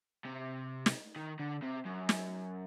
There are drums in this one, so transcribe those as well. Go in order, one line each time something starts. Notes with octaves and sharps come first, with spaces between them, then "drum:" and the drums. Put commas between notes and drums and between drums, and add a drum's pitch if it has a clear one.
C3
drum: snare
D#3
D3
C3
F#2
drum: snare